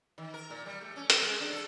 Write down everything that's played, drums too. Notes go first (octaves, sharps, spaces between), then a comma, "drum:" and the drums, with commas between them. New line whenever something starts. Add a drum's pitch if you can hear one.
D#3
A#4
A#2
G3
A3
C#4
C4, drum: hi-hat
G#3
D4
A4